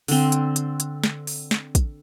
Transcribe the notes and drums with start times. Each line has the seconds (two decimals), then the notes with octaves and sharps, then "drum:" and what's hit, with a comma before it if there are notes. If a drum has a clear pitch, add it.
0.08 D3 C4, drum: open hi-hat
0.32 drum: hi-hat
0.56 drum: hi-hat
0.80 drum: hi-hat
1.04 drum: snare
1.27 drum: open hi-hat
1.51 drum: snare
1.75 drum: kick, hi-hat